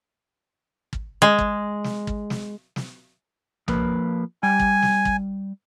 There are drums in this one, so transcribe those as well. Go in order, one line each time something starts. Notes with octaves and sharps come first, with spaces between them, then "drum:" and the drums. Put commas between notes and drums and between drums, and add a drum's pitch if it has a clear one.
drum: kick
G#3
drum: kick
drum: snare
drum: kick
drum: snare
drum: snare
F3 A#3 B4, drum: tom B1
G3 G5 G#5
drum: kick
drum: snare
drum: kick